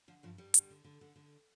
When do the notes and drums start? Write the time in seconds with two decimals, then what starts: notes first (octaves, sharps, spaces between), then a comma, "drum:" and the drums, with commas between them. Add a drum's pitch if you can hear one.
0.08 D3 F3
0.23 G2 F3
0.38 G2 G3
0.54 D3, drum: hi-hat
0.70 D3
0.84 D3
1.01 D3
1.16 D3